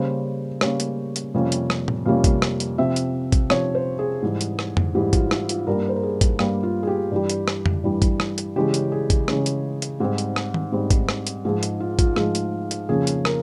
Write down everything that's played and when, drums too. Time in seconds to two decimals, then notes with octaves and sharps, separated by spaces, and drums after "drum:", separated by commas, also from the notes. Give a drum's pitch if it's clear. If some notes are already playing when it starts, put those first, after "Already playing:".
Already playing: C#3 G3 A#3 C#4 C5
0.61 C#3 G3 A#3 C#4 C#5, drum: rim click
0.80 drum: hi-hat
1.16 drum: hi-hat
1.34 F2 C3 G3 A#3 C#4
1.52 drum: hi-hat
1.70 drum: rim click
1.88 drum: tom A2
2.05 F2 C3 G3 A#3 C#4 F5
2.24 drum: kick, hi-hat
2.42 drum: rim click
2.60 drum: hi-hat
2.78 C3 F3 C4 E5
2.96 drum: hi-hat
3.32 drum: kick, hi-hat
3.50 C3 F3 C4 C#5, drum: rim click
3.75 C5
3.99 G#4
4.22 G#2 E3 G3
4.41 drum: hi-hat
4.59 drum: rim click
4.77 drum: tom F2
4.95 G#2 E3 G3 G4
5.13 F4, drum: kick, hi-hat
5.31 E4, drum: rim click
5.49 F4, drum: hi-hat
5.67 G2 G3 A#3 A#4
5.89 C5
5.96 A#4
6.03 G#4
6.21 drum: kick, hi-hat
6.39 G2 G3 A#3 G4, drum: rim click
6.63 F4
6.83 G#4
6.87 G4
7.11 G2 E3 G3
7.29 drum: hi-hat
7.48 drum: rim click
7.66 drum: tom F2
7.84 G2 E3 G3
8.02 drum: kick, hi-hat
8.20 drum: rim click
8.38 drum: hi-hat
8.56 C#3 E3 G#3 C#4 G4
8.74 drum: hi-hat
8.92 G#4
9.10 drum: kick, hi-hat
9.28 C#3 E3 G#3 C#4, drum: rim click
9.46 drum: hi-hat
9.82 drum: hi-hat
10.00 G#2 G3 C4 G#4
10.18 drum: hi-hat
10.36 drum: rim click
10.54 drum: tom D#3
10.72 G#2 G3 C4
10.90 drum: kick, hi-hat
11.09 drum: rim click
11.27 drum: hi-hat
11.45 G#2 F3 G#3 G#4
11.63 drum: hi-hat
11.80 F4
11.99 F4, drum: kick, hi-hat
12.16 G#2 F3 G#3 G#4, drum: rim click
12.35 drum: hi-hat
12.71 drum: hi-hat
12.89 F2 C#3 F3 A#3 C#4 G#4
13.07 drum: hi-hat
13.25 A#4, drum: rim click